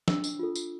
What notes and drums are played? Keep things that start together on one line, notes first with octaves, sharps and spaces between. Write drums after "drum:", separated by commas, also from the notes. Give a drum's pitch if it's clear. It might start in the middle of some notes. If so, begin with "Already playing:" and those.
D4 E6, drum: snare
drum: tambourine
F4 A4
drum: tambourine